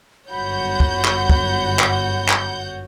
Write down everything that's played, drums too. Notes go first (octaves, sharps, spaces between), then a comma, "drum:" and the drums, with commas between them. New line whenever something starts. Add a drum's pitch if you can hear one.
G1 F#2 F#4 C#5 F#5 B5 G6
drum: kick
drum: clap
drum: kick
drum: clap
drum: clap